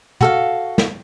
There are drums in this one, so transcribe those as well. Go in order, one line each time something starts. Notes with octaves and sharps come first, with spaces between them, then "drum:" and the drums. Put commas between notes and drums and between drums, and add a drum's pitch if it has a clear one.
F#4 A4 F5, drum: tom
drum: snare